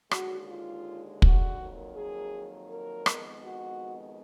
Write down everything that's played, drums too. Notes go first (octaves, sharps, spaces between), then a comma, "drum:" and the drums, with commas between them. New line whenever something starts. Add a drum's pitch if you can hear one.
D#2 D3 G#3 F#4, drum: rim click
F4
F#4, drum: kick
F2 D#3 F#3 A#3
G#4
A#4
F2 D#3 G#3 B3, drum: rim click
F#4